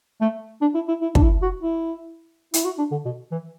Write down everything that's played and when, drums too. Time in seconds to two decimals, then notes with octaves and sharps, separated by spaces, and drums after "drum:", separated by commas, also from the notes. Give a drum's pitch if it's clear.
0.21 A3
0.62 D4
0.75 E4
0.88 E4
1.02 E4
1.15 D4, drum: kick
1.22 E4
1.42 F#4
1.63 E4
2.54 E4, drum: hi-hat
2.65 F#4
2.78 D4
2.91 D3
3.05 B2
3.32 E3